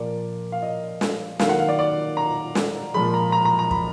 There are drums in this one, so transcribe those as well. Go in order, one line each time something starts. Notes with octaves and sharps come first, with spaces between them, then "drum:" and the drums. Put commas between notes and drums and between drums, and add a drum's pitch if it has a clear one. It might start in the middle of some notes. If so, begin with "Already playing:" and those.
Already playing: A#2 F3 A#3 D5
F5
D#5
drum: snare
D#3 F#3 A#3 F5, drum: snare
F#5
F5
D5
D5
A#5
drum: snare
A#2 F3 G#3 B5
A#5
A#5
A#5
A#5
B5, drum: kick